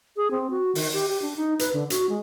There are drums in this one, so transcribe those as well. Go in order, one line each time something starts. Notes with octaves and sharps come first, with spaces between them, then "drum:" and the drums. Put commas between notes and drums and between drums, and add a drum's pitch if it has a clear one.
G#4
C4
F#4
D#3, drum: open hi-hat
G4
G4
D4
D#4
B4, drum: hi-hat
D3
F#4, drum: hi-hat
G#3